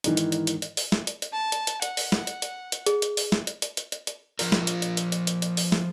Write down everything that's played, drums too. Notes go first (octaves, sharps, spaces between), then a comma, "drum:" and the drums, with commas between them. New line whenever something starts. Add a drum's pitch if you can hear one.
G#2 D#3 E3, drum: hi-hat
drum: hi-hat
drum: hi-hat
drum: hi-hat
drum: hi-hat
drum: open hi-hat
drum: snare
drum: hi-hat
drum: hi-hat
A5
drum: hi-hat
drum: hi-hat
F#5, drum: hi-hat
drum: open hi-hat
drum: snare
drum: hi-hat
drum: hi-hat
drum: hi-hat
G#4, drum: hi-hat
drum: hi-hat
drum: open hi-hat
drum: snare
drum: hi-hat
drum: hi-hat
drum: hi-hat
drum: hi-hat
drum: hi-hat
F3 F4 A#4, drum: open hi-hat
drum: snare
drum: hi-hat
drum: hi-hat
drum: hi-hat
drum: hi-hat
drum: hi-hat
drum: hi-hat
drum: open hi-hat
drum: snare